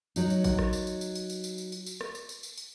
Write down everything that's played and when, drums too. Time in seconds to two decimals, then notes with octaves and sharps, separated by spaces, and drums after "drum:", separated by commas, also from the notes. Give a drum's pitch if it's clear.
0.16 F#3 D#4, drum: tambourine
0.30 drum: tambourine
0.44 drum: kick A1, tambourine
0.59 drum: rim click
0.73 drum: tambourine
0.87 drum: tambourine
1.01 drum: tambourine
1.15 drum: tambourine
1.30 drum: tambourine
1.44 drum: tambourine
1.58 drum: tambourine
1.72 drum: tambourine
1.86 drum: tambourine
2.01 drum: rim click
2.15 drum: tambourine
2.29 drum: tambourine
2.43 drum: tambourine
2.57 drum: tambourine